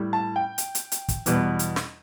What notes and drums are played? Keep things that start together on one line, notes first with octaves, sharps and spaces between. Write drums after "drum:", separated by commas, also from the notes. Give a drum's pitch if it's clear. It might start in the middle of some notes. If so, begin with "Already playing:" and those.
Already playing: A2 G3
A5
G5
drum: hi-hat
drum: hi-hat
drum: hi-hat
drum: kick, hi-hat
E2 B2 G3, drum: hi-hat
drum: hi-hat
drum: snare